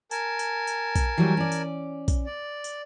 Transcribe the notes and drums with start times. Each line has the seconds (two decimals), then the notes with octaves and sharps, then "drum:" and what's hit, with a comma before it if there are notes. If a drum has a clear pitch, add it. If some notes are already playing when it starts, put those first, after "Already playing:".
0.11 A#4 G#5 A5, drum: tambourine
0.39 drum: tambourine
0.67 drum: tambourine
0.95 drum: kick A#1, tambourine
1.18 E3 F#3 G3
1.37 C#4 D5
1.52 drum: tambourine
2.08 drum: kick A#1, tambourine
2.26 D5
2.64 drum: tambourine